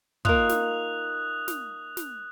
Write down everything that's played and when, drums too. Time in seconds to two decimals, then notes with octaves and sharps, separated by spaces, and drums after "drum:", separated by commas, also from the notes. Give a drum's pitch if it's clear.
0.25 A#3 D#4 F4 D#6 F#6 F7, drum: kick
0.49 drum: snare
1.48 drum: snare
1.97 drum: snare